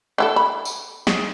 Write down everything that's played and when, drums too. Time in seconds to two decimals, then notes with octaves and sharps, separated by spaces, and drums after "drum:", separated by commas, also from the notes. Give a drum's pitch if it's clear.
0.18 D3 E4 A4
0.36 B5
0.65 drum: tambourine
1.07 G#4, drum: snare